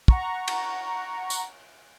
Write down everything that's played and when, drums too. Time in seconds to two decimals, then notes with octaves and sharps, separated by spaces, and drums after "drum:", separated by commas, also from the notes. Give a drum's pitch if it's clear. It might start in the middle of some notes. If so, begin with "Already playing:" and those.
0.08 F#5 A#5 C#6, drum: kick
0.48 drum: cymbal
1.30 drum: tambourine